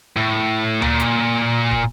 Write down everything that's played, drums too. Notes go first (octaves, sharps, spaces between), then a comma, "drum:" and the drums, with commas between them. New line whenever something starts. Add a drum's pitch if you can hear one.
A2
A#2, drum: tom D2
drum: hi-hat
drum: kick